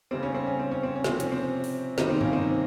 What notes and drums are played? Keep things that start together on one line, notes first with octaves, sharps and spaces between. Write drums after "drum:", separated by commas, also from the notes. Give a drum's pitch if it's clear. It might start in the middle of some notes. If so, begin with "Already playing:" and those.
C#3 G3 C4
C#4
C4
C#4
C4
C#4
C4
C#4
C3 F3 C4, drum: snare
C#4, drum: hi-hat
C4
drum: open hi-hat
C3 D#3 G3 C4 D#4, drum: snare
C4
A#3 C#4, drum: tom G2
C4 D#4